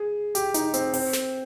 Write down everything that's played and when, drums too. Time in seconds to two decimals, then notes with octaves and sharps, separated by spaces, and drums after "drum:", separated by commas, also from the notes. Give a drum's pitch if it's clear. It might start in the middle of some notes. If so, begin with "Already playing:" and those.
Already playing: G#4
0.35 G4, drum: hi-hat
0.54 D#4, drum: hi-hat
0.74 C4, drum: hi-hat
0.94 C4, drum: open hi-hat
1.13 drum: snare